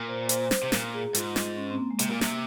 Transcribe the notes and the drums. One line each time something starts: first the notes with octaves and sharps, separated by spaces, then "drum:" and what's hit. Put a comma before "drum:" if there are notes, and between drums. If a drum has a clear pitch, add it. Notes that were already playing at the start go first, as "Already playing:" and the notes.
Already playing: A#2
C5
C5, drum: hi-hat
drum: snare
C3
A#2 A#4, drum: snare
G#4
G#2 F4, drum: hi-hat
drum: snare
C#4
C4
A#3
G#3
C3 A#3, drum: hi-hat
A#2
C3, drum: snare